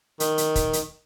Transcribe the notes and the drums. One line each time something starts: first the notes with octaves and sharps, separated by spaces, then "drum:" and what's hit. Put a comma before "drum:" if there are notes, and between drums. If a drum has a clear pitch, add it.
D#3, drum: hi-hat
drum: hi-hat
drum: kick, hi-hat
drum: hi-hat